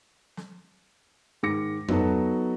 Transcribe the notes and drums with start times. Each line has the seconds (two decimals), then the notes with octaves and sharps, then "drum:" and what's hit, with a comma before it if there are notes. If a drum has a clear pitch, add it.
0.37 drum: snare
1.43 G#2 D#3 D6 A#6 C#7
1.88 F#3 B3 D#4 F#4 A4, drum: tom F2